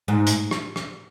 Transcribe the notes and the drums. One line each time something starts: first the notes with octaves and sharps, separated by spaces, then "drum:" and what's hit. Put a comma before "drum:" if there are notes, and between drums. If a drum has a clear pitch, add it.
G#2
drum: hi-hat
drum: rim click
drum: rim click